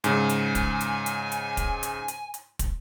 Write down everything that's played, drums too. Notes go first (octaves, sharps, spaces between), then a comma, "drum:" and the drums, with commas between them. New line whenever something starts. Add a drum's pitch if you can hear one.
G#2 C#3 G#5, drum: hi-hat
drum: hi-hat
drum: kick, hi-hat
drum: hi-hat
drum: hi-hat
drum: hi-hat
drum: kick, hi-hat
drum: hi-hat
drum: hi-hat
drum: hi-hat
drum: kick, hi-hat